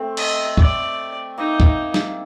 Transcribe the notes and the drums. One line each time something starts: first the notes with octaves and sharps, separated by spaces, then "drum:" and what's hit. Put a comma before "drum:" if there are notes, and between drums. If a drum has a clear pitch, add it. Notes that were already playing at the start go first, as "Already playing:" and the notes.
Already playing: A3 C4
D#5, drum: cymbal
D5, drum: kick
A#3 D#4
drum: kick
drum: snare